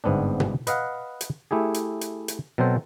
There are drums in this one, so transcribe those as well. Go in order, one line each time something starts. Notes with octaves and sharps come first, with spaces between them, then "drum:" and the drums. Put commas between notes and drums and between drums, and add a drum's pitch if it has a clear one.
G1 G#2 B3 C4 D4
drum: tom B2
B4 D#5 F5 F#5, drum: hi-hat
drum: hi-hat
A3 E4 G4 G#4
drum: hi-hat
drum: hi-hat
drum: hi-hat
B2 F#3 C4 A4 C5